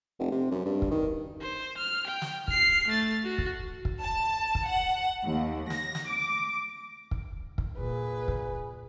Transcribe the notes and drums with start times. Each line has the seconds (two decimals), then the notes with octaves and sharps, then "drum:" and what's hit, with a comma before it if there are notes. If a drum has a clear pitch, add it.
0.19 F1
0.32 C3
0.51 F#2
0.65 G2
0.82 drum: kick
0.91 D#3
1.42 C5
1.78 F6
2.07 G5
2.22 drum: snare
2.48 F6 C7, drum: kick
2.88 A3 A6
3.24 F#4
3.38 drum: kick
3.85 drum: kick
4.00 A5
4.55 drum: kick
4.68 F#5
5.25 D#2
5.70 A#6, drum: snare
5.95 drum: snare
6.10 D6
7.11 drum: kick
7.58 drum: kick
7.78 A#2 G#4 B4
8.28 drum: kick